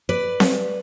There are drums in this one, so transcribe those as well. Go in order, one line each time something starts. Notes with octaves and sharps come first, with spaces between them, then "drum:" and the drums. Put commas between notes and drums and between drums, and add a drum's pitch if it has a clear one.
B4 D5
drum: snare C4